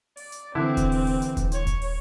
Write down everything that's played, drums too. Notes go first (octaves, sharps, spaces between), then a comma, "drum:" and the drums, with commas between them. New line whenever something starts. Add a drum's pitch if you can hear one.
D5, drum: open hi-hat
drum: hi-hat
D3 E3 C4 E4
drum: kick D#1, hi-hat
drum: open hi-hat
drum: open hi-hat
drum: hi-hat
drum: kick D#1, hi-hat
C#5, drum: hi-hat
drum: kick D#1, hi-hat
drum: open hi-hat